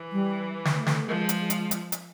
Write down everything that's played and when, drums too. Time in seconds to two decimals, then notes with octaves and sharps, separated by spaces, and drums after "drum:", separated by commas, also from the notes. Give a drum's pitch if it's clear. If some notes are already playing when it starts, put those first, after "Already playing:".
Already playing: E3
0.12 G3
0.65 drum: snare
0.75 A3
0.86 drum: snare
1.08 F3 G#3
1.29 drum: hi-hat
1.39 G#3
1.50 drum: hi-hat
1.71 drum: hi-hat
1.92 drum: hi-hat